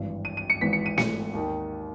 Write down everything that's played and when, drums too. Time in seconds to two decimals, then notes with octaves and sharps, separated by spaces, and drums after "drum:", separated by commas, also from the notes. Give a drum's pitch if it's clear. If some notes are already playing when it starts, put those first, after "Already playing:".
Already playing: G#1 G2 E3
0.25 D#7
0.37 D#7
0.50 C#7
0.61 G#1 G#2 E3 B6
0.73 C#7
0.86 D#7
0.98 C#7, drum: snare
1.33 D#2 D#3